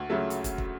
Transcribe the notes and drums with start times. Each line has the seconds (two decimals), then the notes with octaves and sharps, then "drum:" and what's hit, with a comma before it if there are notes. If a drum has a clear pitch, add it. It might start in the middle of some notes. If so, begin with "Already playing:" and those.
Already playing: D2
0.10 C#3 F#3 A3
0.30 drum: hi-hat
0.44 drum: kick, hi-hat
0.58 drum: kick